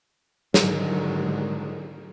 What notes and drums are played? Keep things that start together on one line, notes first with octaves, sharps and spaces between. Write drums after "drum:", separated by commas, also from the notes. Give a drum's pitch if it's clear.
G#2 D3 D#3 F#3 G#3, drum: snare